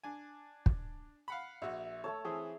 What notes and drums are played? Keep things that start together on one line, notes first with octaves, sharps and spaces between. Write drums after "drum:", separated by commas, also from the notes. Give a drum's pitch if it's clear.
D4 G#5
drum: kick
F5 F#5 B5
A#1 F#4 E5
A3 A4 C#5 A5
E3 C4 G#4